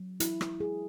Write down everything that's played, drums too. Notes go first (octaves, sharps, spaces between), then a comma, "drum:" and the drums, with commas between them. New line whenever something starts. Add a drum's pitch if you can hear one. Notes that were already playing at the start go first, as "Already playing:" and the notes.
Already playing: F#3
E4, drum: hi-hat
drum: rim click
G#4